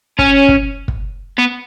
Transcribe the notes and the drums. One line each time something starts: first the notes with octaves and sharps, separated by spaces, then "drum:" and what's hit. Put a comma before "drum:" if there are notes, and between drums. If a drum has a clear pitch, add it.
C#4, drum: kick
drum: kick
drum: kick
B3